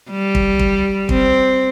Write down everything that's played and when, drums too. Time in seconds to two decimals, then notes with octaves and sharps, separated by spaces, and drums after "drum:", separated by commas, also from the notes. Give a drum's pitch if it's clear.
0.10 G3
0.35 drum: kick
0.59 drum: kick
1.09 C4, drum: kick